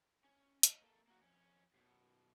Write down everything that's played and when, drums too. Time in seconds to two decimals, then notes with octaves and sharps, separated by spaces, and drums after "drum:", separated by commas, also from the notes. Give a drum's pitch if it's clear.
0.25 C#4
0.63 D#5 F5, drum: hi-hat
0.81 A#3 A4
1.08 A#3 F#4
1.21 F2 C#4
1.74 F#2 B2